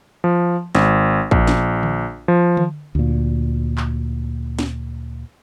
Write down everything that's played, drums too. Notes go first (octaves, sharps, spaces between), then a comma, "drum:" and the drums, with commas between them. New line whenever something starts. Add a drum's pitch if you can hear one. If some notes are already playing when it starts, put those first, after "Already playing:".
F3
G#1, drum: snare
A#1, drum: kick
drum: snare
drum: tom D3
F3
drum: tom D3
D2 A#2
drum: clap
drum: snare